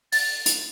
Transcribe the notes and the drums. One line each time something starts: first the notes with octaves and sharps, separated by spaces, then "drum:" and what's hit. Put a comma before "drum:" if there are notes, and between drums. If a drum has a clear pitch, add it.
A6, drum: open hi-hat
drum: hi-hat